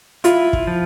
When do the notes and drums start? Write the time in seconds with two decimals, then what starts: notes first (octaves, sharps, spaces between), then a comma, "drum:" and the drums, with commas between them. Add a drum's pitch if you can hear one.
0.24 E4 F4, drum: hi-hat
0.53 drum: kick
0.67 F3